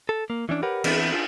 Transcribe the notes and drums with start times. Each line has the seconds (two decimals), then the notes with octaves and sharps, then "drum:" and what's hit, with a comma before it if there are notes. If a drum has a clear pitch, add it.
0.09 A4
0.30 A#3
0.49 E3 C#4 D4
0.63 G4 A#4 B4 C#5 F#5
0.84 E3 B3 C4 D4 E4, drum: cymbal
1.11 D4 F4 G4 G#4